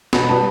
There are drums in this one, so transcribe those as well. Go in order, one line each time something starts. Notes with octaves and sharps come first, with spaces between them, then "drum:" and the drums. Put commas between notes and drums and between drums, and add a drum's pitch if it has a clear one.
B2 B5, drum: snare
G3 B3 A5